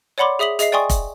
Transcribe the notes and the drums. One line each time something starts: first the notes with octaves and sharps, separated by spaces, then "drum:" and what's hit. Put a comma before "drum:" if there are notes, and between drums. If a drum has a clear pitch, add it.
C#5 D5 F#5 B5 C6 D6
G#4 E5 D#6 B6 F#7
G#4 D#5 E5 C7, drum: hi-hat
D5 G5 G#5 C6 C#6 D#6
drum: kick F1, hi-hat